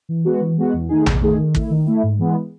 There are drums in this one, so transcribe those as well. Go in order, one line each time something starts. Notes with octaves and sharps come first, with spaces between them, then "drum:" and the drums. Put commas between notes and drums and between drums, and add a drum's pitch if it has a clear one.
E3
G#3 B3 F#4
E3
G#3 B3 F#4
E2
D#3 A3 D#4 G#4
E2, drum: tom A#1
D#3 A3 D#4 G#4
D#3
A3 E4, drum: kick
D#3
A3 E4
G#2
E3 G#3 B3